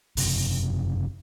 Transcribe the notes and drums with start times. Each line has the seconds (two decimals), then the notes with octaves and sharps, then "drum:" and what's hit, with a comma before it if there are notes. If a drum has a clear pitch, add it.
0.17 F#1 C3, drum: open hi-hat